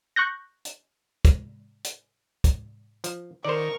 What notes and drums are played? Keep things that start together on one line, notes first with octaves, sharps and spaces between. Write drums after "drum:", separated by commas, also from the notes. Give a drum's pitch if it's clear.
C#6 F#6 G6 A#6
drum: hi-hat
drum: kick, hi-hat
drum: hi-hat
drum: kick, hi-hat
F3, drum: hi-hat
D#3 A#4 C5 D5 C#6